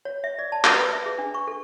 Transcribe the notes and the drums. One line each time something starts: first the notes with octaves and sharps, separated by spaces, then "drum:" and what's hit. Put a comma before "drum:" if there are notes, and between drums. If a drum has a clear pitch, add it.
C#5
E5
D5
A5
drum: clap
B4
E5
G#4
D4
C#6
A4